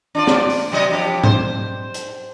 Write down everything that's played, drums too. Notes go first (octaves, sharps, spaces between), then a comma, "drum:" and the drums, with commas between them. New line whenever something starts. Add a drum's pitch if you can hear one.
D4 F4 D5
drum: snare
drum: open hi-hat
C3 F#3 D#5
G2 F3 G4
C5, drum: tom G#2
drum: hi-hat